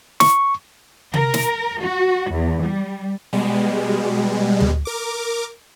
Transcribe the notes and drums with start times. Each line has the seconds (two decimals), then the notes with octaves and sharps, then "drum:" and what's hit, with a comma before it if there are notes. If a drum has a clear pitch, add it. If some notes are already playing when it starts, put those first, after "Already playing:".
0.20 C#6, drum: snare
1.14 A#4, drum: tom C3
1.34 drum: snare
1.80 F#4
2.30 E2
2.63 G3
3.33 B2 G3 G#3
4.60 drum: tom D2
4.85 A#4 D6